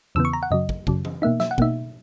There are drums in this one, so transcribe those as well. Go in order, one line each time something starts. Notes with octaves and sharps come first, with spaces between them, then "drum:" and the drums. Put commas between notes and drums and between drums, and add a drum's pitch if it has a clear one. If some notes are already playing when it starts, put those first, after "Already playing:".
E2 C#3 E3 B3 E6
C#6
A#5
F#5
F#2 C#3 F#3 D#5
drum: kick
F#2 C#3 F#3, drum: kick
drum: tom E3
B2 A#3 D#4 E5
E5, drum: snare
F#5
B2 A#3 D#4 E5, drum: kick